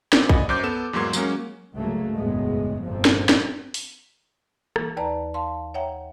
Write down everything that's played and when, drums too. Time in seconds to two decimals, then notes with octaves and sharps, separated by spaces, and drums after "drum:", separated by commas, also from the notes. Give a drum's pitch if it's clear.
0.13 A#2 C4, drum: snare
0.29 D5 D#5 F#5 G#5 B5, drum: kick
0.49 F#2 C5 D6 G6
0.63 B3 A4 E7
0.93 E2 G#2 F#3 A#3 C6 G#6
1.13 F#3 G#3 A#3 C#4, drum: tambourine
1.74 C#2 G2 C#3 F#3 A3 A#3
2.15 F#1 E2 A2 G#3 B3
2.84 G1 F2 A#2 F3 C4
3.05 drum: snare
3.29 drum: snare
3.74 drum: open hi-hat
4.76 E3 A#3, drum: rim click
4.97 D#2 B4 D5 A5 A#5
5.34 F5 A5 C6
5.74 C#5 E5 F#5 G5 A#5